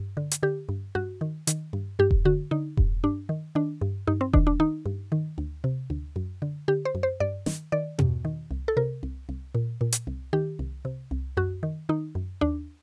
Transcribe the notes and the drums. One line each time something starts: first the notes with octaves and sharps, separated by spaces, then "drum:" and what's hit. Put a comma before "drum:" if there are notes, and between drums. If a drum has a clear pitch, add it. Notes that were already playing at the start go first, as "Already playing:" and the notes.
Already playing: G2
D3
drum: hi-hat
D3 G4
G2
G2 F#4
D#3
D#3, drum: hi-hat
G2
G2 G4
drum: kick E1
D3 F#4
D3 D#4
G2, drum: kick E1
G2 D4
D#3
D#3 D4
G2
G2 D#4
C4
D#3 D4, drum: kick E1
D4
D#3 D#4
G2
D#3
D2
C3
D2
F#2
D3
D3 G4
C5
F#2
C5
G2 D5
D#3, drum: snare
D#3 D5
G2, drum: tom
D#3
C2
A4
C3 A#4
C2
C2
A#2
A#2
drum: hi-hat
C2
D#3 G4
C2
C3
C2
F#2 F#4
D#3
D#3 D#4
F#2
D#2 D4